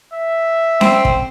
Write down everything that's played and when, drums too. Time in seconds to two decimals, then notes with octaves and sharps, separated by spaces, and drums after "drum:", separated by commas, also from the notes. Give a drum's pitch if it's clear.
0.13 E5
0.81 C4, drum: snare C#4
1.05 drum: kick